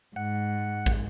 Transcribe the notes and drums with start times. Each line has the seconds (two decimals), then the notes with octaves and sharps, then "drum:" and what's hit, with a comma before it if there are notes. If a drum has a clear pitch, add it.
0.16 G#2 F#5
0.86 drum: kick